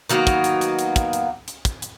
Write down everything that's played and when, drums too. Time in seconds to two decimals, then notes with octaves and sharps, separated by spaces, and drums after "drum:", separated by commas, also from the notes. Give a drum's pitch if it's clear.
0.09 D#3 F#3 A#3 B3
0.27 drum: kick, hi-hat
0.44 drum: hi-hat
0.61 drum: hi-hat
0.79 drum: hi-hat
0.96 drum: kick, hi-hat
1.13 drum: hi-hat
1.48 drum: hi-hat
1.65 drum: kick, hi-hat
1.82 drum: hi-hat